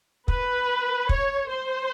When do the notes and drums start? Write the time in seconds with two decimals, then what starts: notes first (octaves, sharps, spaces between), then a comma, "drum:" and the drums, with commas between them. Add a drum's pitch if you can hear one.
0.28 B4, drum: kick
1.09 C#5, drum: kick
1.49 C5